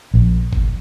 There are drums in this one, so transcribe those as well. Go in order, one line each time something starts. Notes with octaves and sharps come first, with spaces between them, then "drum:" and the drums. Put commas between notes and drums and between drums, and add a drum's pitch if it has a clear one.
A#1
drum: kick G1